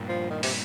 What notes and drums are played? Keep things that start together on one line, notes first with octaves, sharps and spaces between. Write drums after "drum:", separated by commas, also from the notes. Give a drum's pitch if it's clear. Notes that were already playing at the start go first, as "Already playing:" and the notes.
Already playing: G2 A#2
F3
D#3
C3, drum: open hi-hat